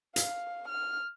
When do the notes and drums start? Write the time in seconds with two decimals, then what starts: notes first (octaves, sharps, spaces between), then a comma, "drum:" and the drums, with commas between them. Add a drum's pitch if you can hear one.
0.16 F5, drum: hi-hat
0.69 F6